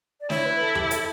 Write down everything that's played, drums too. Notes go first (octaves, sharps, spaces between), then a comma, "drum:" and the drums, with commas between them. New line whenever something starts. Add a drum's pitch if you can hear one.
D5
E4 C#5, drum: snare
B4
A4
G4, drum: tom E2
A4, drum: hi-hat